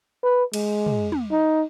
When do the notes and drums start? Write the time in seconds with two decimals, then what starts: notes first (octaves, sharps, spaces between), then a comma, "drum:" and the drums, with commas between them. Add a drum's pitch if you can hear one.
0.23 B4
0.54 G#3, drum: cymbal
0.86 drum: tom
1.12 drum: tom
1.31 D#4